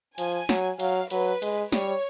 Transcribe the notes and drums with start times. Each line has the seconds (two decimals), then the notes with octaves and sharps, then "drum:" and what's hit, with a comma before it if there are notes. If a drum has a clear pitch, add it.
0.18 F3 G#5, drum: cymbal
0.49 F#3, drum: snare
0.80 F#3 F5, drum: cymbal
1.10 F#3 B4, drum: cymbal
1.42 G#3, drum: cymbal
1.72 G3 C#5, drum: snare